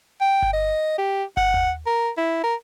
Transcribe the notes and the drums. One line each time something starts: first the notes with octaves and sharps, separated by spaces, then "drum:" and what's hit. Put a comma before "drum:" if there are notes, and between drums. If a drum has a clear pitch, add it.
G5
drum: kick G1
D#5
G4
F#5, drum: kick G1
drum: tom D#2
A#4
E4
A#4